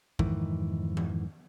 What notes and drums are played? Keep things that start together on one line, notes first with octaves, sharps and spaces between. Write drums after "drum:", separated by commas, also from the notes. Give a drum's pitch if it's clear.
F2 G#2 D#3 E3, drum: kick
drum: tom D#3